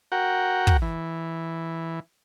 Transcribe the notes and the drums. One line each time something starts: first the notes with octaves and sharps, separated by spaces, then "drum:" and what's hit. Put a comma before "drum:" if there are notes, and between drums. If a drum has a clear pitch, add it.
F#4 A#4 F#5 G5
drum: kick
E3